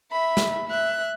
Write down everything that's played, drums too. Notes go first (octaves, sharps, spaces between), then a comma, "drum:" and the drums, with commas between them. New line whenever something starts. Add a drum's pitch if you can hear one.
E5 B5
drum: snare
E5 F#6